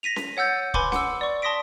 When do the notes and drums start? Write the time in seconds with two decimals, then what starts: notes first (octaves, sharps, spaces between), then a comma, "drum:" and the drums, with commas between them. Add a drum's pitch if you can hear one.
0.03 A#6 B6 D#7 F7
0.16 drum: snare C#4
0.37 C#5 F#5 E6 G6 A6
0.74 B4 G#5 B5 C6 D6, drum: kick
0.92 F#5 E6, drum: snare C#4
1.21 D5 C#6
1.42 A5 C6 D#6 A#6 B6 D7